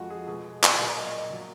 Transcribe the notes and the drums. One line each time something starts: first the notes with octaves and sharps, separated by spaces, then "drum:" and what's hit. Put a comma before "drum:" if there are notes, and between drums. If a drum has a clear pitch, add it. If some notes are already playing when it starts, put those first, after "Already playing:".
Already playing: F2 F3 G#3 F4 F#4
G#4
B2 G#3 G#4
drum: clap
A#2 F#3 D5
D#5
A#2 F#3